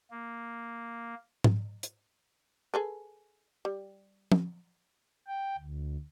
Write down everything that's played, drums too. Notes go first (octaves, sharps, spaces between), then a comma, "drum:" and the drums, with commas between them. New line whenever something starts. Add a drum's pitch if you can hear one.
A#3
drum: tom G#2
drum: hi-hat
G#4 A4 B4
G3
drum: tom
G5
D2